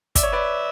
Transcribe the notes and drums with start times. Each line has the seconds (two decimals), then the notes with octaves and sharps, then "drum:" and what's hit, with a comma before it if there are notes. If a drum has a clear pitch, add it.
0.15 D5 E5, drum: kick, hi-hat
0.23 C#5
0.32 B4 D5